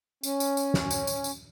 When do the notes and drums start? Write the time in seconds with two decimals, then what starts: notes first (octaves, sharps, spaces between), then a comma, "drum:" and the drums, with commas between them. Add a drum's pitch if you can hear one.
0.23 C#4, drum: tambourine
0.40 drum: tambourine
0.57 drum: tambourine
0.74 drum: snare
0.91 drum: tambourine
1.07 drum: tambourine
1.24 drum: tambourine